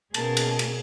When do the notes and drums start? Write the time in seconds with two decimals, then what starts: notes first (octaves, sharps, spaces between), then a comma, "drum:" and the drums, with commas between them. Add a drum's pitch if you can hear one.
0.14 B2 A#3 C#4 G#4 A#4 A5, drum: cymbal
0.37 drum: cymbal
0.59 drum: cymbal